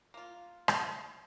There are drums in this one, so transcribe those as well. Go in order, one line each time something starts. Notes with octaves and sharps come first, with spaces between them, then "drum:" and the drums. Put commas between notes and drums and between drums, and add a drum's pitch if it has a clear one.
A#3 F4
drum: rim click